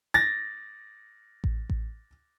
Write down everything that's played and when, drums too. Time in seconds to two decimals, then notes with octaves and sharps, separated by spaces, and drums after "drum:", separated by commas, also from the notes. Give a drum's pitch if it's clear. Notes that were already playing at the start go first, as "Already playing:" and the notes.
0.14 A6 A#6
1.44 drum: kick A1
1.70 drum: kick A1